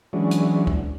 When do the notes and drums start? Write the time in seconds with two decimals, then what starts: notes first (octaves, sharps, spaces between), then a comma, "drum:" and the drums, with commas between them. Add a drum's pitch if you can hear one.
0.13 E3 F#3 G#3 C#4 D4
0.31 drum: hi-hat
0.67 drum: kick